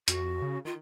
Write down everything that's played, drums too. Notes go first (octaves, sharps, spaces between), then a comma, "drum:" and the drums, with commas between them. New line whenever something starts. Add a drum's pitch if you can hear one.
F2 F#4, drum: hi-hat
C#3
D#3 F4